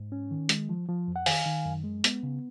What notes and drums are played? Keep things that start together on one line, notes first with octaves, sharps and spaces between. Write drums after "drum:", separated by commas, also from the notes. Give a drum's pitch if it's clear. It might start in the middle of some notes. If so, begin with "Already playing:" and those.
Already playing: G#2
C#4
D#3
G#3, drum: hi-hat
F3
F3
F2
F#5
D#3 F5 G#5, drum: open hi-hat
D#3
F#2
G#3
B3, drum: hi-hat
C#3